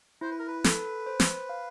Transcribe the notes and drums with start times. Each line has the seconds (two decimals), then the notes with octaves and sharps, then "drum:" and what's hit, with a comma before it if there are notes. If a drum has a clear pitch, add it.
0.21 E4 C5
0.31 B4
0.39 A#4
0.47 B4
0.64 A4, drum: snare
1.06 C5
1.20 drum: snare
1.49 F5